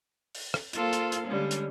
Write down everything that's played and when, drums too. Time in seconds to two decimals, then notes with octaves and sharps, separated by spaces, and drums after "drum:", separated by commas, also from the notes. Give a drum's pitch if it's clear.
0.35 drum: open hi-hat
0.54 drum: rim click
0.73 A#3 F4 A4 C5 F5, drum: hi-hat
0.93 drum: hi-hat
1.12 drum: hi-hat
1.27 D3 G3 G#3 C#4
1.51 drum: hi-hat